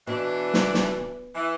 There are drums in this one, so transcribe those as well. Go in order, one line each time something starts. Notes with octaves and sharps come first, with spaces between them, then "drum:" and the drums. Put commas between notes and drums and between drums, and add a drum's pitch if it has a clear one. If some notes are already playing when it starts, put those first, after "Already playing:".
B2 E3 D4
drum: snare
drum: snare
E3